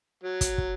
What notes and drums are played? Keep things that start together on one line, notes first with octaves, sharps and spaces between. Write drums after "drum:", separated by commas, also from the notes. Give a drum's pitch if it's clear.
F#3
drum: kick, hi-hat
drum: kick